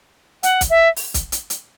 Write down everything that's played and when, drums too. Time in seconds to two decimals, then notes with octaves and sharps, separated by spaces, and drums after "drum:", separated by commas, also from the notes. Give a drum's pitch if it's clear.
0.43 F#5, drum: hi-hat
0.61 drum: kick, hi-hat
0.70 E5
0.96 drum: open hi-hat
1.14 drum: kick, hi-hat
1.32 drum: hi-hat
1.50 drum: hi-hat